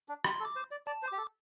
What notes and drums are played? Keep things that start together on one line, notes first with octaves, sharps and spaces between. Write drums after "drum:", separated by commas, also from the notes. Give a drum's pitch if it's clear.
D4
G4 C6, drum: rim click
A4
D6
C5
D5
D5 A5
C5
G4 D6
A4